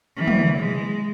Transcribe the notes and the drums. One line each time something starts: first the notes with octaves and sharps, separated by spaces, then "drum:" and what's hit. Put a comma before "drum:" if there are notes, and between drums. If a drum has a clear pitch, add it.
E3
drum: tom
G#3